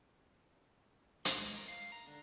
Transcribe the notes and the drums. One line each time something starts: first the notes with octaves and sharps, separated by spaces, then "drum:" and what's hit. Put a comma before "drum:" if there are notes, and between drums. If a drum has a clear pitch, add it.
C6, drum: hi-hat
G#3
A#4
F5
A#5
D3